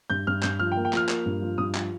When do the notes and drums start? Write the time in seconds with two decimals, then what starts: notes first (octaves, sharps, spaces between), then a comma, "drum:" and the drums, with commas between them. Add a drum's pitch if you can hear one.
0.10 G2 G6
0.27 G2 F6
0.43 G2 G6, drum: clap
0.59 F3 F6
0.72 G5
0.76 A#3
0.85 G5
0.93 F3 F6, drum: clap
1.09 A#3, drum: clap
1.26 G2
1.42 F3
1.58 G2 D#6
1.75 F3, drum: clap